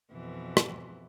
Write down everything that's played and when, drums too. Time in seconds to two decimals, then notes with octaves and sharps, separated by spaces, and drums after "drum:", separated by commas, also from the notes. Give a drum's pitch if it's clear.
0.11 F2 B2 E3
0.57 drum: rim click